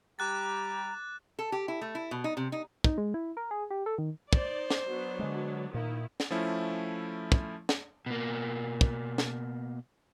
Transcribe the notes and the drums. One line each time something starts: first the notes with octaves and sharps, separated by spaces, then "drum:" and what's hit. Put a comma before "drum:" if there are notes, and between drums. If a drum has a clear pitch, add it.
G3 G4 A#5 D6 F#6 A6
A4
G4
E4
A3
E4
B2
D#4
C3
D#4
D#4, drum: kick
G#3
E4
A#4
G#4
G4
A4
D#3
D#4 C5 D5, drum: kick
drum: snare
F#3 B3 D4
D3 G#3
A#2 D#3 E4
drum: snare
F3 A3 C#4 E4
drum: kick
drum: snare
B2 A#3
drum: kick
drum: snare